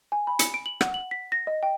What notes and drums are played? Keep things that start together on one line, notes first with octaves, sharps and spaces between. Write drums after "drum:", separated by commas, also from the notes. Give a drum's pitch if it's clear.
G#5
B5
C#7, drum: hi-hat
D7
F#7
F#5, drum: rim click
F#7
B6
A#6
D#5
G5